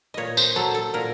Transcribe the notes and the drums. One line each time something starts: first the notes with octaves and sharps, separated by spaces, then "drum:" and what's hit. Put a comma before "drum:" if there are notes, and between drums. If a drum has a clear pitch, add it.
A#2 C#5 D#5
C5, drum: tambourine
F#3 A4
A4
A#2 A#4